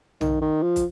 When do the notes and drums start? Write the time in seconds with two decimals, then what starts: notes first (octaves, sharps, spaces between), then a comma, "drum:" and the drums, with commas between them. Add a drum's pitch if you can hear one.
0.21 D#3, drum: tom
0.41 D#3
0.63 F3
0.76 drum: kick, hi-hat